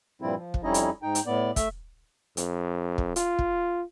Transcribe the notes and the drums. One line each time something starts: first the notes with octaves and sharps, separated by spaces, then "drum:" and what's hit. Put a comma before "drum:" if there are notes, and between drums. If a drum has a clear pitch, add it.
G2 A#2 F3 G3 C4 E4
F3
drum: kick
F2 G3 C#4 D#4 E4 D#5
drum: hi-hat
G#2 D#4 G5
drum: hi-hat
A2 B3 D5
A3 E5, drum: kick, hi-hat
F2, drum: hi-hat
drum: kick
F4, drum: hi-hat
drum: kick